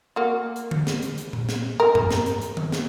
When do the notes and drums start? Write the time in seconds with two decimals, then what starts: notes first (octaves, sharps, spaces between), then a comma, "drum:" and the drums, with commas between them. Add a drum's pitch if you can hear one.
0.16 A#3 F#4
0.56 drum: hi-hat
0.71 drum: tom D3
0.87 drum: snare
1.02 drum: hi-hat
1.18 drum: hi-hat
1.33 drum: tom A#2
1.49 drum: snare
1.80 A#4
1.95 drum: tom G2
2.11 drum: snare
2.26 drum: hi-hat
2.41 drum: hi-hat
2.57 drum: tom D#3
2.72 drum: snare